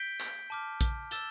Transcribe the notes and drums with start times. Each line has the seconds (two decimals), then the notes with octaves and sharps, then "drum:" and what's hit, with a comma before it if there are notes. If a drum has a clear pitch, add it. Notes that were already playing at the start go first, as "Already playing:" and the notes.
Already playing: G6 B6 D7 G7
0.20 drum: clap
0.50 A5 D6 F6
0.81 drum: kick A#1, hi-hat
1.11 E6 A6 E7 G7, drum: hi-hat